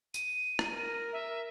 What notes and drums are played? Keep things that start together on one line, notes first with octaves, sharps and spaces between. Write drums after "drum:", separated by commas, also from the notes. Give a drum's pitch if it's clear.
D#7, drum: tambourine
drum: rim click
A#4
E5